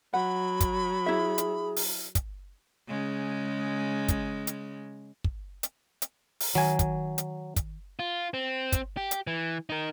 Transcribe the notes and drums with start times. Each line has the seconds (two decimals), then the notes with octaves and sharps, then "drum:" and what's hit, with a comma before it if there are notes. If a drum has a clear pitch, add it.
0.13 F#3 F#5 B5
0.60 drum: kick, hi-hat
1.06 E4 G#4 E5
1.38 drum: hi-hat
1.76 drum: open hi-hat
2.15 drum: kick, hi-hat
2.88 C#3 G#3
4.08 drum: kick, hi-hat
4.47 drum: hi-hat
5.24 drum: kick
5.63 drum: hi-hat
6.02 drum: hi-hat
6.40 drum: open hi-hat
6.55 D#3 F#3 G#5
6.79 drum: kick, hi-hat
7.18 drum: hi-hat
7.56 drum: kick, hi-hat
7.99 F4
8.34 C4
8.72 drum: kick, hi-hat
8.97 G4
9.11 drum: hi-hat
9.27 E3
9.69 D#4 A#4